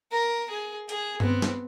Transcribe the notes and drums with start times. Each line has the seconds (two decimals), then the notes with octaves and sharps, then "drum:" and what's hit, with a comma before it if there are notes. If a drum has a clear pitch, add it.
0.11 A#4
0.50 G#4
0.89 G#4, drum: hi-hat
1.20 B3 C4, drum: tom G2
1.42 drum: snare